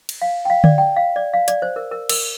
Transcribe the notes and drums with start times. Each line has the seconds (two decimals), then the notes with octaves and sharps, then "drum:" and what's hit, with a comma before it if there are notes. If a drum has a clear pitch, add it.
0.09 drum: cymbal
0.22 F5
0.45 G5
0.50 F5
0.64 D5, drum: tom D3
0.78 G5
0.97 F5
1.16 D5
1.34 F5
1.48 D5, drum: hi-hat
1.62 C5
1.76 A#4
1.91 A#4
2.09 A#4, drum: cymbal